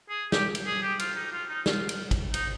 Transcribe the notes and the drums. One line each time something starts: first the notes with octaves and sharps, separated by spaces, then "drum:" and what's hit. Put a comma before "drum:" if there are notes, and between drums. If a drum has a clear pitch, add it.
G#4
G4, drum: snare
drum: cymbal
G#4
G4
F4, drum: cymbal
D#4
F4
D#4
F4, drum: snare
drum: cymbal
drum: kick, cymbal
D#4, drum: cymbal